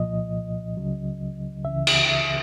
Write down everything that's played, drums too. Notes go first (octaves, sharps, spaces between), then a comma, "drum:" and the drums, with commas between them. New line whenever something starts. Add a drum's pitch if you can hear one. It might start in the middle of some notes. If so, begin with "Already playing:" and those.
Already playing: C2 A#2 F3 D#5
C#2 C#3 F#3
C#2 C#3 E3 E5
E5, drum: cymbal
E5